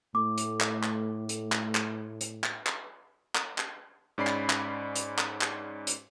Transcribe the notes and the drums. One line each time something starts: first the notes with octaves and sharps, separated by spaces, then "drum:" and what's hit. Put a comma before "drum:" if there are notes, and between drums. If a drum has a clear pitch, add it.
A2 A3 D6
drum: hi-hat
drum: clap
drum: clap
drum: hi-hat
drum: clap
drum: clap
drum: hi-hat
drum: clap
drum: clap
drum: clap
drum: clap
G#2 C#4 D5 B5 C7
drum: clap
drum: clap
drum: hi-hat
drum: clap
drum: clap
drum: hi-hat